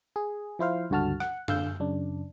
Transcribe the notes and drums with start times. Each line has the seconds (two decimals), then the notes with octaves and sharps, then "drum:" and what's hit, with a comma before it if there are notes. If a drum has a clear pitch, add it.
0.16 G#4
0.59 F3 E4 C5 F5
0.90 C#2 G2 D3 F#4 A5 F6
1.20 F#5, drum: rim click
1.48 D3 F5 E6 G6, drum: tom F#2
1.80 F#2 C#3 D4